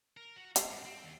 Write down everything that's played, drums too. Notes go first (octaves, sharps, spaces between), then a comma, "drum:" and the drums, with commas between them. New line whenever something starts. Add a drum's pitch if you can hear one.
A#4
F#4
F5, drum: hi-hat
G2
C4
D#2